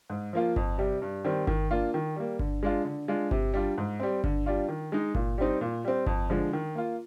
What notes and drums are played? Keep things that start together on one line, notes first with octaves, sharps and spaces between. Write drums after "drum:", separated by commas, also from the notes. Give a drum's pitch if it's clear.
G#2
F3 A#3 F4
F2, drum: kick G1
C3 G3
G2
D#3 G3 C4
D#3, drum: kick G1
A#3 D4 F4
D#3
G3 A#3
D3, drum: kick G1
G#3 D4 F4
D3
G#3 D4 F4
C3, drum: kick G1
G3 D4 F4
G#2
G3 C4
D3, drum: kick G1
G3 D4 F4
D#3
G#3 D#4
A#2, drum: kick G1
G3 C4 D#4
A#2
G3 C4
F2, drum: kick G1
D3 F3 G#3
D#3
A#3 F4